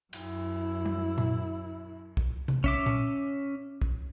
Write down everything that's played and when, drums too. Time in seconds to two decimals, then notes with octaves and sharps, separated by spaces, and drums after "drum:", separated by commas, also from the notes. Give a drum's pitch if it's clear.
0.13 F#2 E4, drum: cymbal
0.86 drum: tom
1.18 drum: tom
2.17 drum: kick
2.48 drum: tom C3
2.64 C#4 E5 D6, drum: kick
2.86 drum: tom
3.82 drum: kick